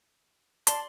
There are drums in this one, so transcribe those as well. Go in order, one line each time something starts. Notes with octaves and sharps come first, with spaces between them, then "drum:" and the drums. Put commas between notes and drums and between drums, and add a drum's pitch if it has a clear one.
D5 A5 C6, drum: hi-hat